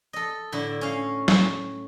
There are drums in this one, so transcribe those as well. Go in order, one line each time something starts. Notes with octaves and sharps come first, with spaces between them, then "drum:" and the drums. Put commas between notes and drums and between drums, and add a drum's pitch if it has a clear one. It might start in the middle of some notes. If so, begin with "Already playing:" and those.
A4 D#5
A2 D3 E4
C#4 F5
drum: snare